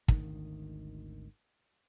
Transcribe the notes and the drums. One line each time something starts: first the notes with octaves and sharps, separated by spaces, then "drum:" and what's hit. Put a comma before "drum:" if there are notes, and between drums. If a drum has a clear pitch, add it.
G#1 D2 D#3, drum: kick